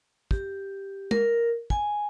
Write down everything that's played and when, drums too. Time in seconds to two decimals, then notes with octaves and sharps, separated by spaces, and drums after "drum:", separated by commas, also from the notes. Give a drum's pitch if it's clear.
0.31 G4, drum: kick
1.11 A#4, drum: tom
1.70 G#5, drum: kick